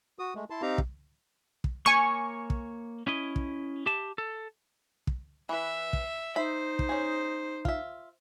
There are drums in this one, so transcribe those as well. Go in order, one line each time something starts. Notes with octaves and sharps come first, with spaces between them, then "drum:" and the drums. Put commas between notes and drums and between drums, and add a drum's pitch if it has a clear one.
F#4 D#6
G#3 A3
E4 A5 C6
C4 D#4 G4 F5 A#5
drum: kick
drum: kick
A#3 C#5 G#5 C#6
drum: kick
C#4 E4 D#5
drum: kick
G4 E5 A5
A4
drum: kick
E3 B4 E5
drum: kick
D#4 C5 E5 B5
drum: kick
C#4 G#4
F4 E5, drum: kick